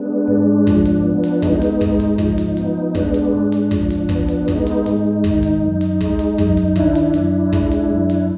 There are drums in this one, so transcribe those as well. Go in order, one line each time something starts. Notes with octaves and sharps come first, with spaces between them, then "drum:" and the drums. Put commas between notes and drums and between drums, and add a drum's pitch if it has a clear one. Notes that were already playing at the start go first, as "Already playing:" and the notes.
Already playing: G#3 B3 D4
G#2
F3, drum: kick, hi-hat
drum: hi-hat
B3
drum: hi-hat
G#3 D#4, drum: kick, hi-hat
drum: hi-hat
G#2, drum: kick
drum: hi-hat
F3, drum: kick, hi-hat
drum: hi-hat
B3, drum: hi-hat
G#3 D4, drum: kick, hi-hat
drum: hi-hat
G#2
drum: hi-hat
F3, drum: kick, hi-hat
drum: hi-hat
B3, drum: kick, hi-hat
drum: hi-hat
G#3 D#4, drum: kick, hi-hat
drum: hi-hat
G#2, drum: hi-hat
D#3, drum: kick, hi-hat
drum: hi-hat
F#2
drum: hi-hat
G#3, drum: kick, hi-hat
drum: hi-hat
F#2, drum: kick, hi-hat
drum: hi-hat
D#3 D4 E4, drum: kick, hi-hat
drum: hi-hat
F#2, drum: hi-hat
G#3, drum: kick, hi-hat
drum: hi-hat
F#2
drum: hi-hat